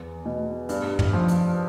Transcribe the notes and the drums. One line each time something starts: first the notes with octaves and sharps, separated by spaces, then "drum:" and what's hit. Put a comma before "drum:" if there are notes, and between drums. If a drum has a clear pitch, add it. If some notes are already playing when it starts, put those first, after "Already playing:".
Already playing: E2
B2
G2, drum: hi-hat
drum: tom
F3
drum: hi-hat